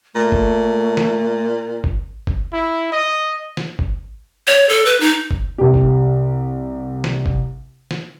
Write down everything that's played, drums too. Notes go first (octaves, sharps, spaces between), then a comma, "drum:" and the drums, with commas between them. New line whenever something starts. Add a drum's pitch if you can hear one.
A#2 A3
drum: kick G1
drum: snare
drum: kick G1
drum: kick G1
E4
D#5
drum: snare
drum: kick G1
C#5
A4
B4
D#4
drum: kick G1
C2 G4
drum: kick G1
drum: snare
drum: kick G1
drum: snare